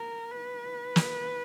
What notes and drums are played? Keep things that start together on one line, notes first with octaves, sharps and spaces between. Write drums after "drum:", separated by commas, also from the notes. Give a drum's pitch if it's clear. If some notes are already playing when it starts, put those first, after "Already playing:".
Already playing: A#4
B4
drum: snare